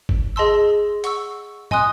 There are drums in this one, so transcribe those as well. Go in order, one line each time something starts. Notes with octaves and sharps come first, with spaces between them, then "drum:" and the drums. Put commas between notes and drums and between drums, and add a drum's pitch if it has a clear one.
drum: kick G1
G#4 D#5 A5 C6 E6
F#5 C#6 E6, drum: hi-hat
D#5 G#5 C6 D#6 F#6, drum: tom